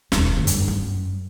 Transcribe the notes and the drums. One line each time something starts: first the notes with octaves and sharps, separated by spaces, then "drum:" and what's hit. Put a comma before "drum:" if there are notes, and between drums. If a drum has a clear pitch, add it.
E1 D2, drum: snare
G1 F#2
drum: hi-hat
F#2